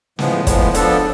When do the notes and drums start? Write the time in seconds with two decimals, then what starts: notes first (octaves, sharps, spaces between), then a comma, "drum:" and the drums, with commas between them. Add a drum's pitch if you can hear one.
0.19 A2 F3 G#3 B3, drum: snare
0.47 A2 F3 G#3 B3, drum: kick, hi-hat
0.74 F3 B3 D4 A4, drum: hi-hat